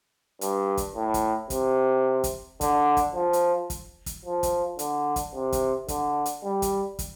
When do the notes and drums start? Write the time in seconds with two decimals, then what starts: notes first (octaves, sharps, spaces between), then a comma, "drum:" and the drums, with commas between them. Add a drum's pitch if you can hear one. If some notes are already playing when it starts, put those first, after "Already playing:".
0.41 G2, drum: hi-hat
0.77 drum: kick, hi-hat
0.95 A2
1.14 drum: kick, hi-hat
1.50 C3, drum: kick, hi-hat
2.24 drum: kick, hi-hat
2.61 D3, drum: kick, hi-hat
2.97 drum: kick, hi-hat
3.14 F3
3.33 drum: hi-hat
3.70 drum: kick, hi-hat
4.06 drum: kick, hi-hat
4.25 F3
4.43 drum: kick, hi-hat
4.79 D3, drum: hi-hat
5.16 drum: kick, hi-hat
5.35 C3
5.52 drum: kick, hi-hat
5.88 D3, drum: kick, hi-hat
6.26 drum: hi-hat
6.43 G3
6.62 drum: kick, hi-hat
6.99 drum: kick, hi-hat